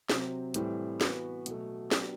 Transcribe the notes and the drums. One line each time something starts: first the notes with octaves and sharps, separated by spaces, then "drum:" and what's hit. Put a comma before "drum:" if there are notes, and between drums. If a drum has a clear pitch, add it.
C3 F#3 C4, drum: snare
A2 E3 G3 C4, drum: hi-hat
E3 B3 F#4 B4, drum: snare
B2 F#3 A3, drum: hi-hat
F#3 B3 D4 G4, drum: snare